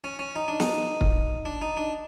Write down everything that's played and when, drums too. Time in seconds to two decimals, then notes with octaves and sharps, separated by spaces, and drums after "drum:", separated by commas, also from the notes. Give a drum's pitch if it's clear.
0.04 C#4
0.19 C#4
0.36 D#4
0.48 D4
0.60 D#4, drum: snare
1.01 drum: kick
1.45 D4
1.62 D#4
1.77 D4